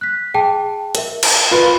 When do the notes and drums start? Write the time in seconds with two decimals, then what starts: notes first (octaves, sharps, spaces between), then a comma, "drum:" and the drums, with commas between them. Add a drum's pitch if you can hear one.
0.01 F#6 B6
0.34 G#4 G5 A5
0.95 A#4 E5, drum: hi-hat
1.23 drum: cymbal
1.51 F4 B4